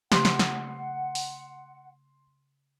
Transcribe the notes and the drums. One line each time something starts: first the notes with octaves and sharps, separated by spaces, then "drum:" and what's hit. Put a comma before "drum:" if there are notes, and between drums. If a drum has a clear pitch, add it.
C#3 A3 G4 F#5 C6, drum: snare
drum: snare
drum: snare
drum: open hi-hat